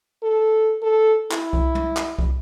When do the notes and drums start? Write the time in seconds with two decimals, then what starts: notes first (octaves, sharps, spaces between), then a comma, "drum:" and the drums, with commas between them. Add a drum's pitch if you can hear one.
0.23 A4
0.83 A4
1.31 E4, drum: clap
1.53 drum: kick C2
1.75 drum: tom
1.97 drum: clap
2.19 drum: kick C2